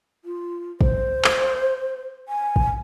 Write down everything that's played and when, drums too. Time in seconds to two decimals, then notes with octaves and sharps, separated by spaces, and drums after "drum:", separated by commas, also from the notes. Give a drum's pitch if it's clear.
0.25 F4
0.81 C5, drum: kick
1.24 drum: clap
2.28 G#5
2.56 drum: kick